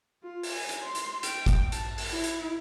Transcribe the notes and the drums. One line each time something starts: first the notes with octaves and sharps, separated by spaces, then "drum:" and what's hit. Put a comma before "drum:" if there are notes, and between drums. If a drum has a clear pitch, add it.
F4
drum: open hi-hat
G#5
drum: hi-hat
C6
drum: hi-hat
G5, drum: hi-hat
drum: kick F#1, hi-hat
A5, drum: hi-hat
drum: open hi-hat
E4
drum: hi-hat